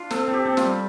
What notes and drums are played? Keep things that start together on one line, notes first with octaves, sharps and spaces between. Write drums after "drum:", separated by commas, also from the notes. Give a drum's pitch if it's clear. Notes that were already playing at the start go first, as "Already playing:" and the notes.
Already playing: D4 F4
C4 A4, drum: snare
C4
G4
C4
F4, drum: snare
G3